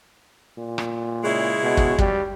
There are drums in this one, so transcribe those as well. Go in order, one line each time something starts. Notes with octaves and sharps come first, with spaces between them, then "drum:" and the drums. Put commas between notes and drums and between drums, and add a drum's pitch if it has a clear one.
A#2
drum: rim click
C#3 G#3 E4
B2
drum: kick
G3, drum: kick